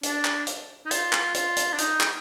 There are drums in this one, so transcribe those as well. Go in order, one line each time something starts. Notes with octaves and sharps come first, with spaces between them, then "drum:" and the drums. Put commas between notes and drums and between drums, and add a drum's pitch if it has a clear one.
D4, drum: hi-hat
drum: clap
drum: hi-hat
D#4
F4, drum: hi-hat
drum: clap
F4, drum: hi-hat
drum: hi-hat
D4
D#4, drum: hi-hat
drum: clap